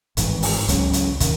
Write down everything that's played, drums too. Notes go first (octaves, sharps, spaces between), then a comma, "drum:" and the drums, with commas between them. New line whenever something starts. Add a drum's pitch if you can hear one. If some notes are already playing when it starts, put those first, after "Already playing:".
G#1 G#2 E3, drum: hi-hat
drum: open hi-hat
C#2 C#3 F#3 C#4, drum: hi-hat
drum: hi-hat
D#3, drum: kick, hi-hat